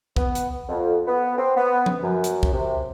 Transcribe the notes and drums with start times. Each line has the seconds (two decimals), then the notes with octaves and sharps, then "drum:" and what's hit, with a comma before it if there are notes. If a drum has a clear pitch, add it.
0.16 B3, drum: kick
0.35 drum: hi-hat
0.68 F2
1.07 B3
1.38 C4
1.56 B3
1.86 drum: tom F3
2.03 F#2
2.24 drum: hi-hat
2.43 drum: kick
2.53 C3